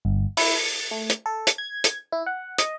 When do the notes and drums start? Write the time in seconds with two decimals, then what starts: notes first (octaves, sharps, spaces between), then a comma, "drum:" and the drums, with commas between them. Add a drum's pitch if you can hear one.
0.05 G1
0.37 E4, drum: open hi-hat
0.66 A6
0.91 A3
1.10 drum: hi-hat
1.26 A4
1.47 drum: hi-hat
1.58 G#6
1.84 drum: hi-hat
2.12 E4
2.26 F#5
2.58 D#5, drum: hi-hat